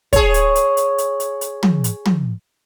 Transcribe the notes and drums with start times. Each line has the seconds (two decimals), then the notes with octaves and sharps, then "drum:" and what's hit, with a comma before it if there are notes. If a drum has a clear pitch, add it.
0.13 G#4 C#5, drum: kick, hi-hat
0.34 drum: hi-hat
0.55 drum: hi-hat
0.77 drum: hi-hat
0.98 drum: hi-hat
1.20 drum: hi-hat
1.41 drum: hi-hat
1.63 drum: tom
1.84 drum: hi-hat
2.05 drum: tom